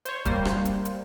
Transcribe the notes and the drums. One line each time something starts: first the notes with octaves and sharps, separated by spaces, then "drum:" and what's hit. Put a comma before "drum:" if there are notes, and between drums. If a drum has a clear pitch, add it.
C5 C#5, drum: hi-hat
G3 A#3 C5, drum: kick D1, hi-hat
drum: rim click
drum: hi-hat
drum: hi-hat